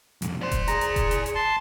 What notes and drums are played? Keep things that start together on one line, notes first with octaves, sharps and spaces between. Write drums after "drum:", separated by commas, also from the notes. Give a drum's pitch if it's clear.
C2 F2, drum: hi-hat
C5 D5 C6
drum: kick E1, hi-hat
G#4 A#5 A#6, drum: hi-hat
drum: hi-hat
drum: kick E1, hi-hat
drum: hi-hat
drum: hi-hat
A5 C6